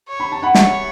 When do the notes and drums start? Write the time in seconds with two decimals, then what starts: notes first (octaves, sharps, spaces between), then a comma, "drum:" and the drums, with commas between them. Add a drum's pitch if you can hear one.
0.09 C#5
0.20 B5
0.32 A5
0.43 F#5 B5
0.55 C#5 E5 A5, drum: snare